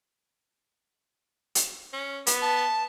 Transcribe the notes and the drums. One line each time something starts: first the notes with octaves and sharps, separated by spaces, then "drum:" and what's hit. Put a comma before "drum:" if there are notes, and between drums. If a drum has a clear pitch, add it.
drum: hi-hat
C#4
B3, drum: hi-hat
A5